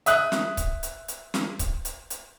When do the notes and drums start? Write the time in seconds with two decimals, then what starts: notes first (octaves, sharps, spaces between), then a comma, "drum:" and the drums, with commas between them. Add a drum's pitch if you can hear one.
0.06 E5 D#6 F#6, drum: hi-hat
0.32 drum: snare
0.57 drum: kick C#1, hi-hat
0.83 drum: hi-hat
1.08 drum: hi-hat
1.34 drum: snare
1.59 drum: kick C#1, hi-hat
1.85 drum: hi-hat
2.10 drum: hi-hat